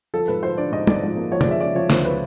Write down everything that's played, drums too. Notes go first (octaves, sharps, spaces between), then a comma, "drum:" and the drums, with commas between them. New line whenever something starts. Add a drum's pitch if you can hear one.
F3 A4
G#2 B4
F3 C5
D4 D5
G#2 D#5
G#2 D5, drum: tom
F3
A#3
F3 C#5
D5, drum: tom
G#3 E5
C#3 D5
F3 C#5
C#2 C5, drum: snare
B4